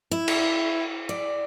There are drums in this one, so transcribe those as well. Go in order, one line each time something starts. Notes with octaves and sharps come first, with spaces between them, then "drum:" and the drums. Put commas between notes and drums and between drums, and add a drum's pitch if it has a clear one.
E4
drum: cymbal
D5